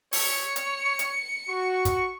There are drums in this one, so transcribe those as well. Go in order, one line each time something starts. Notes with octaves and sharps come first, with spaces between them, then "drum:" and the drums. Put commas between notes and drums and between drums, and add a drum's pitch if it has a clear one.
C#5 C#7, drum: open hi-hat
drum: hi-hat
drum: hi-hat
F#4 C#6
drum: kick, hi-hat